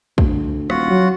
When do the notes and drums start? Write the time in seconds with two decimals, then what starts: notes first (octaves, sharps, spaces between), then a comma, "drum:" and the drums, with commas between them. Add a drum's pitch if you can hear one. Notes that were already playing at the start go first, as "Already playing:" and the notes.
0.18 D2, drum: kick
0.70 D#1 F4 F#4 F#5, drum: rim click
0.90 F#3